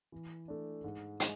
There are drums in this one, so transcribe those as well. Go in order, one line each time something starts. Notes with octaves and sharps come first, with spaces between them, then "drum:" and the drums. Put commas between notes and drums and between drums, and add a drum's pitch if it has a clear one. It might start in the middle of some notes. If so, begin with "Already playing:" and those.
E3
A3 D4
G#2
G#3, drum: hi-hat